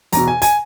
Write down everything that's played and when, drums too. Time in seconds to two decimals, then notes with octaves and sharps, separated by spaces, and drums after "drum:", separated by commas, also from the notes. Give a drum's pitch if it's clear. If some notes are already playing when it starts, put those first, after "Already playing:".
0.12 E2 B2 A#5, drum: hi-hat
0.28 G#5
0.42 G#5, drum: hi-hat